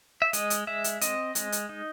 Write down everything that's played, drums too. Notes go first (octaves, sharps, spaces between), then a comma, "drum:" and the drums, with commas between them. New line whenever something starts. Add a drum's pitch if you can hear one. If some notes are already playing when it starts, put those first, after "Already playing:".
E5
G#3 D#5, drum: hi-hat
drum: hi-hat
G#3 E5
drum: hi-hat
C4 D#5, drum: hi-hat
G#3, drum: hi-hat
drum: hi-hat
D#4